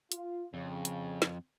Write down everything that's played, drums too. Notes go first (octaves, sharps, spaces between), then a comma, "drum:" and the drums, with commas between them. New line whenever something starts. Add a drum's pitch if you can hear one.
F4, drum: hi-hat
F2 C#3
drum: hi-hat
drum: snare